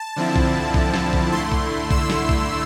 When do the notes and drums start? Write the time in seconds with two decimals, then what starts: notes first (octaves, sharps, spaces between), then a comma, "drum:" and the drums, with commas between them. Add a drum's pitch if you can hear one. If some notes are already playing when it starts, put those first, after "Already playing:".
Already playing: A5
0.16 D3 F3 C4 E4
0.36 drum: kick
0.74 drum: kick
0.94 drum: snare
1.13 drum: kick
1.32 D3 A3 E4 C6
1.52 drum: kick
1.91 E6, drum: kick
2.10 drum: snare
2.29 drum: kick